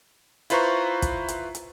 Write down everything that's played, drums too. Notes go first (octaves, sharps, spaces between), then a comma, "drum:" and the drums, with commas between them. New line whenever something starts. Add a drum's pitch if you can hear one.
E4 F4 B4 C5 A#5 C#6, drum: hi-hat
drum: kick, hi-hat
drum: hi-hat
drum: hi-hat